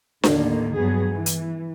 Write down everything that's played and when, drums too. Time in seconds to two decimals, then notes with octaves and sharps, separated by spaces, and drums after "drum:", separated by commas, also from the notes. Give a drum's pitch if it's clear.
0.24 D#2 A2 D3 D#3 A#3, drum: snare D4
0.77 G2 F#3 B3 G#4
1.14 E3
1.26 drum: hi-hat